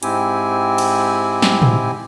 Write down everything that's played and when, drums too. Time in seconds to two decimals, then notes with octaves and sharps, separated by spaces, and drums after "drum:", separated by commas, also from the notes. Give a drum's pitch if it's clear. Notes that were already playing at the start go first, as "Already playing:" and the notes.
0.03 G#2 C4 E4 G4 G#5, drum: hi-hat
0.78 drum: cymbal
1.42 drum: snare
1.62 drum: tom A2